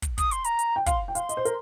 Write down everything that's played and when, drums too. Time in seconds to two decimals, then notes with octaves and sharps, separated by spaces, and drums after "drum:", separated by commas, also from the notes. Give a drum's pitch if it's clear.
0.02 drum: kick, hi-hat
0.18 D#6, drum: kick, hi-hat
0.31 C6, drum: hi-hat
0.44 A#5, drum: hi-hat
0.59 drum: hi-hat
0.76 G5
0.86 F5 C6, drum: kick, hi-hat
1.08 G5
1.15 F5 C6, drum: hi-hat
1.29 D#5, drum: hi-hat
1.37 C5
1.45 A#4, drum: hi-hat